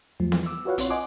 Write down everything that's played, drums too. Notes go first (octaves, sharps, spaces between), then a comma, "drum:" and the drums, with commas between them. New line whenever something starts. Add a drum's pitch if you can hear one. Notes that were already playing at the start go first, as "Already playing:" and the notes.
E2 F3 F#3 A3
E3, drum: snare B3
D6 E6
F4 F#4 B4 C#5 F5 F#5
A#1 C4 E4 F4 C#5 C6, drum: hi-hat
D#5 F#5 G#5 C6 D6